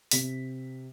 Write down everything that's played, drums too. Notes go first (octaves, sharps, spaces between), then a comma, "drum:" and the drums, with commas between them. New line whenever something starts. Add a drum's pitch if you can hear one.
C3 B6, drum: open hi-hat